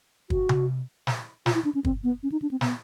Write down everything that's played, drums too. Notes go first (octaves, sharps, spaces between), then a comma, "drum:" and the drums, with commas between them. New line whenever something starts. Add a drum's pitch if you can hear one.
F#4, drum: kick
drum: tom C3
drum: snare
F4, drum: snare
E4
D4
C#4
C4, drum: kick
B3
C#4
D#4
D4
C4
B3, drum: snare